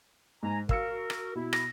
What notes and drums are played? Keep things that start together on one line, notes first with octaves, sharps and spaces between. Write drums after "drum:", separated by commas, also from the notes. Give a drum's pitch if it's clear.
G#2 G#5 A#5
F#4 A#4 F5 E6 C#7, drum: kick
drum: rim click
B2 E4
A#6, drum: rim click